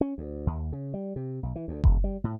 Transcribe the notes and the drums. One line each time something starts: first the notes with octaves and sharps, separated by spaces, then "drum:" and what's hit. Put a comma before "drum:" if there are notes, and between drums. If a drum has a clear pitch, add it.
C#4
D2
D#2
C#3
G3
C3
B1
E3
D2
D#1, drum: kick F#1
G3
A2